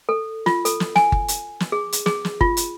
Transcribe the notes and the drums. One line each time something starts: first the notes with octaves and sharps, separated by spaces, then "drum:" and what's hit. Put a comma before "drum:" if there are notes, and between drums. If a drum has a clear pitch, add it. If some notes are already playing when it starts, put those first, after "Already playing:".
A4
F4, drum: snare
A4, drum: hi-hat
drum: snare
G#5, drum: snare
drum: kick G1
drum: hi-hat
drum: snare
G#4
drum: hi-hat
G#4, drum: snare
drum: snare
F4, drum: kick G1
drum: hi-hat